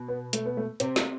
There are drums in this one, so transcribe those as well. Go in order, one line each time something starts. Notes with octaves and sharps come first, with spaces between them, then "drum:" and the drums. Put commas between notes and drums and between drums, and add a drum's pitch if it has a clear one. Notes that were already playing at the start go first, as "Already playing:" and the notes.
Already playing: B2
B3
A3, drum: hi-hat
B3
A3
C3 C4, drum: hi-hat
drum: snare